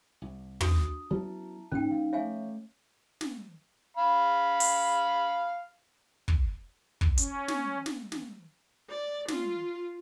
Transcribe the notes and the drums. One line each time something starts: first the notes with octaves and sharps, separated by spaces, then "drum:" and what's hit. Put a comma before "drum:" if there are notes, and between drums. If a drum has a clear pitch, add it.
C2
D4 F#4 D#6, drum: tom
F#3 B3 C#4 E4 A5
G#2 A#3 C#4 D#4 G5
F3 F5
A3 C#5 E5 F5 G#5
drum: snare
F5 B5
drum: open hi-hat
drum: kick
drum: kick
C#4, drum: hi-hat
drum: snare
drum: snare
drum: snare
D5
F4, drum: snare